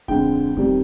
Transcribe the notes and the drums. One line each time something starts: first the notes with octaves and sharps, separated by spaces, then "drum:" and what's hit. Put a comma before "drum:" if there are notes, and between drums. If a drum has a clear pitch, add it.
F2 D3 G#3 G5, drum: kick D1
F2 D#3 G3, drum: kick D1